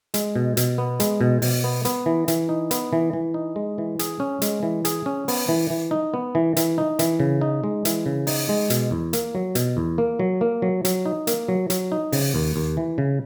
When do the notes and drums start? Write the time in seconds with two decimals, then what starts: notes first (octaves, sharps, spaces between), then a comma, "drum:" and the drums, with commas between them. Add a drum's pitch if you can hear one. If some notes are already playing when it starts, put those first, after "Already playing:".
0.14 G#3, drum: hi-hat
0.36 B2
0.57 B2, drum: hi-hat
0.78 B3
1.00 G#3, drum: hi-hat
1.21 B2
1.42 B2, drum: open hi-hat
1.64 B3
1.85 B3, drum: hi-hat
2.06 E3
2.28 E3, drum: hi-hat
2.49 D#4
2.71 B3, drum: hi-hat
2.93 E3
3.13 E3
3.34 D#4
3.56 G#3
3.78 E3
3.99 G#4, drum: hi-hat
4.20 C#4
4.42 G#3, drum: hi-hat
4.63 E3
4.85 G#4, drum: hi-hat
5.06 C#4
5.28 B3, drum: open hi-hat
5.49 E3
5.70 E3
5.91 D#4
6.14 B3
6.35 E3
6.57 E3, drum: hi-hat
6.78 D#4
6.99 E3, drum: hi-hat
7.20 C#3
7.41 D#4
7.64 G#3
7.85 E3, drum: hi-hat
8.06 C#3
8.27 D#4, drum: open hi-hat
8.49 G#3
8.70 B2, drum: hi-hat
8.91 E2
9.13 A#3, drum: hi-hat
9.35 F#3
9.55 B2, drum: hi-hat
9.77 E2
9.98 A#3
10.19 F#3
10.41 A#3
10.62 F#3
10.85 F#3, drum: hi-hat
11.06 D#4
11.27 A#3, drum: hi-hat
11.49 F#3
11.70 F#3, drum: hi-hat
11.92 D#4
12.12 C#3, drum: open hi-hat
12.35 D#2
12.56 D#2
12.77 E3
12.98 C#3